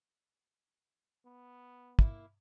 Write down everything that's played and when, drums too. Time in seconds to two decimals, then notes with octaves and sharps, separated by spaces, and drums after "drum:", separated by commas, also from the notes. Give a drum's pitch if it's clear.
1.25 B3
1.99 A#3 E4, drum: kick